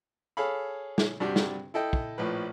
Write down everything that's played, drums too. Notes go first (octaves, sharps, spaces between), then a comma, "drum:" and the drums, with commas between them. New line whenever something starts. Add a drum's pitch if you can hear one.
G#4 A4 C#5 F5 B5
drum: snare
G2 C3 G3 D4 F#4 G4
drum: snare
E4 A4 D#5 G5
drum: kick
A#1 A2 F3 B4